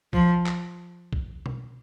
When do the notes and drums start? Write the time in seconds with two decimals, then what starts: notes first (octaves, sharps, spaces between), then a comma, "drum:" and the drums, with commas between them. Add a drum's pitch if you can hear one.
0.13 F3, drum: kick B1
0.46 drum: clap
1.13 drum: kick B1
1.46 drum: tom B2